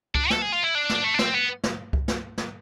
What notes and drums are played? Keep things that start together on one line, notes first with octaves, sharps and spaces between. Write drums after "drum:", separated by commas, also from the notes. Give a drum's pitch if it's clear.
D4, drum: kick C#2
A4, drum: snare
G#4
F4
E4
D4
drum: snare
A3
D4
C4, drum: snare
B3
drum: snare
drum: kick C#2
drum: snare
drum: snare